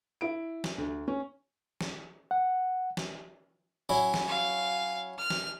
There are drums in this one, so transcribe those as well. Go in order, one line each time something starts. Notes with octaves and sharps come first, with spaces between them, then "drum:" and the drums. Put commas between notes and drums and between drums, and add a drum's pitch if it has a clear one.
E4 D7
drum: snare
D2
C#4
drum: snare
F#5
drum: snare
F#3 C#4 E4
drum: snare
F5
F6
drum: snare